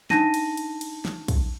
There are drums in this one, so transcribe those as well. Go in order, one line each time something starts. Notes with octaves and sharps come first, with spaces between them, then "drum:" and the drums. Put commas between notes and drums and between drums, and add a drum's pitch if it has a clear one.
D4 D#4 A5 A#6 D#7, drum: snare
drum: cymbal
drum: cymbal
drum: cymbal
drum: snare
drum: kick, cymbal